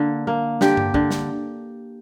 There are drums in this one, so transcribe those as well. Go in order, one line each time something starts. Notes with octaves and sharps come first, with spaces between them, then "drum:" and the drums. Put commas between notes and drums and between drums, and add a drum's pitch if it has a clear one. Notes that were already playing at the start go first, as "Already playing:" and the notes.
Already playing: D3 A#3
A#3
D3 G4, drum: snare
drum: tom G2
D3, drum: kick
drum: snare